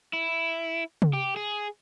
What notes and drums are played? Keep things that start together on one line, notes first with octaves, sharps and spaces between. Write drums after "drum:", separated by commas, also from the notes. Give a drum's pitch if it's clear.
E4
drum: tom
G4
G#4